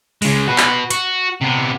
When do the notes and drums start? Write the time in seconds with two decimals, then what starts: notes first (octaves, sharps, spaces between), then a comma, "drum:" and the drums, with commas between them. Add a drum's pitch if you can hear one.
0.22 C#3 G#3, drum: open hi-hat
0.48 F#4 B4
0.58 drum: clap
0.91 F#4, drum: hi-hat
1.41 C3 B3